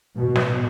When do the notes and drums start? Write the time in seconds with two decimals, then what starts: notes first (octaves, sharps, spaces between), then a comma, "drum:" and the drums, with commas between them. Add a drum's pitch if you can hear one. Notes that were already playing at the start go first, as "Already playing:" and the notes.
0.16 B2
0.36 drum: snare